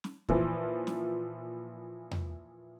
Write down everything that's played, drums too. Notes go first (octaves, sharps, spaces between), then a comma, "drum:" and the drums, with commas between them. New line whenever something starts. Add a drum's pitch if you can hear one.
drum: snare
A#2 E3 F3, drum: kick
drum: snare
drum: tom E2